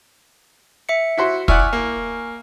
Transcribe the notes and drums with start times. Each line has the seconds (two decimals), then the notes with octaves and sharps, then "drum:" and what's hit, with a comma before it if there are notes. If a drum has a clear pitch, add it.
0.89 E5 C#7
1.17 E4 F#4 C5
1.48 E4 D5 F#5 G#5 C#6 F6, drum: kick
1.73 A#3